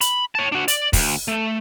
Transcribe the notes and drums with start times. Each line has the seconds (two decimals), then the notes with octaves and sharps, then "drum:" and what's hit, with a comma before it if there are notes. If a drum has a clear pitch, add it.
0.01 B5, drum: hi-hat
0.35 C#5 A5
0.52 D4 F#4
0.68 D5, drum: hi-hat
0.93 D2, drum: kick, open hi-hat
1.28 A3